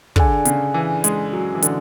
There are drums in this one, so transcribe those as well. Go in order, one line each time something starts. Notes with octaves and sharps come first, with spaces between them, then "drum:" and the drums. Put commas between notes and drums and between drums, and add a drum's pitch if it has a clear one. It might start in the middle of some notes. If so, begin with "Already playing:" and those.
D3 D4 G#4 D5 G#5, drum: kick
C#3, drum: hi-hat
E3
G#3, drum: hi-hat
F#3
E3
D3, drum: hi-hat